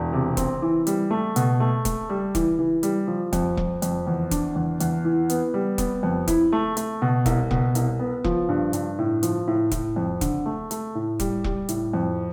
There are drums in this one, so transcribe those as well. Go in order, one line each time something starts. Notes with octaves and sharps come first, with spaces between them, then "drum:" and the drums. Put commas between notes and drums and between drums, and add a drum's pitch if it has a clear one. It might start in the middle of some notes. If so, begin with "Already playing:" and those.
Already playing: E1
C3
C4, drum: kick E1, hi-hat
E3
G3, drum: hi-hat
A3
B2, drum: hi-hat
A3
A3, drum: kick E1, hi-hat
G3
E3, drum: kick E1, hi-hat
E3
G3, drum: hi-hat
F3
F2, drum: kick E1, hi-hat
F2, drum: kick E1
F2, drum: hi-hat
E2
D4, drum: kick E1, hi-hat
E2
E2, drum: hi-hat
E3
B3, drum: hi-hat
G3
B3, drum: kick E1, hi-hat
F2
E4, drum: kick E1, hi-hat
A3
A3, drum: hi-hat
B2
C2, drum: kick E1, hi-hat
B2, drum: kick E1
C2, drum: hi-hat
B3
F3, drum: kick E1
G2
G2, drum: hi-hat
A2
F3, drum: hi-hat
A2
A2, drum: kick E1, hi-hat
F2
D3, drum: kick E1, hi-hat
A3
A3, drum: hi-hat
A2
G3, drum: kick E1, hi-hat
G3, drum: kick E1
A2, drum: hi-hat
F2